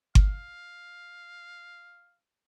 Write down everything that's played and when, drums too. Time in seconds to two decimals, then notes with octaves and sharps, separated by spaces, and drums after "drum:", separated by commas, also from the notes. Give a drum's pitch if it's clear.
0.15 F5, drum: kick G1